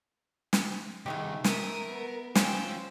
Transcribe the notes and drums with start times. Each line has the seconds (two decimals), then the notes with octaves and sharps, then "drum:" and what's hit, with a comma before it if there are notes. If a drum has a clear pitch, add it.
0.53 drum: snare
1.06 C2 D#3 G#3 A3 G4
1.44 A#4 E5 D#6, drum: snare
1.88 B3
2.35 C#4 F4 C5 G5 E6, drum: snare